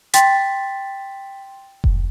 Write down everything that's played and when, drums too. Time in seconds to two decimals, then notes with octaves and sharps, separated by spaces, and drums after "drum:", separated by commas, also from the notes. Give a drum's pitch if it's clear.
0.14 G5 C6 A6 B6, drum: hi-hat
1.84 drum: kick F1